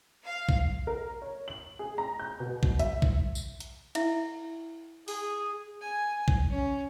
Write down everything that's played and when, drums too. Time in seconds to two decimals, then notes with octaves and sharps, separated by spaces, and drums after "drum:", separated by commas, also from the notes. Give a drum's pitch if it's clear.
0.25 F5
0.49 drum: kick
0.87 A#4
1.22 C#5
1.48 F#7
1.79 G#4
1.98 A#5
2.20 G6
2.40 B2
2.63 drum: kick
2.79 E5, drum: hi-hat
3.02 drum: kick
3.35 drum: tambourine
3.60 drum: hi-hat
3.95 E4 E5, drum: cymbal
5.08 G#4, drum: open hi-hat
5.81 G#5
6.28 drum: kick
6.50 C#4